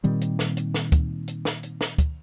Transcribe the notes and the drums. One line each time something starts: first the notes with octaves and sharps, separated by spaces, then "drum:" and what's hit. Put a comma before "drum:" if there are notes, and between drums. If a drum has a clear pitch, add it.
A#2 D#3 G3 C4
drum: hi-hat
drum: snare
drum: hi-hat
drum: snare
drum: kick, hi-hat
drum: hi-hat
drum: snare
drum: hi-hat
drum: snare
drum: kick, hi-hat